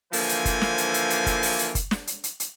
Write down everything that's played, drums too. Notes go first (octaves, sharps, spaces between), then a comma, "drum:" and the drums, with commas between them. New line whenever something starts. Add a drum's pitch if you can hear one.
D3 E3 F3 A#3 C5 G#5, drum: open hi-hat
drum: hi-hat
drum: kick F#1, hi-hat
drum: snare
drum: hi-hat
drum: hi-hat
drum: hi-hat
drum: kick F#1, hi-hat
drum: open hi-hat
drum: hi-hat
drum: kick F#1, hi-hat
drum: snare
drum: hi-hat
drum: hi-hat
drum: hi-hat